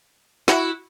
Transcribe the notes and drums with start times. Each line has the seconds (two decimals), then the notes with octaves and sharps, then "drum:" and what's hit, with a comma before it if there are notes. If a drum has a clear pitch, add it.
0.48 E4 F#4, drum: snare